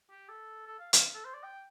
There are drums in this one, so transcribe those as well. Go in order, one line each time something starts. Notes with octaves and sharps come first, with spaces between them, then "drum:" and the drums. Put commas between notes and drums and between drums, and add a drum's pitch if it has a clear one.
G4
A4
A4
F5
F5, drum: hi-hat
A4
C5
D5
G5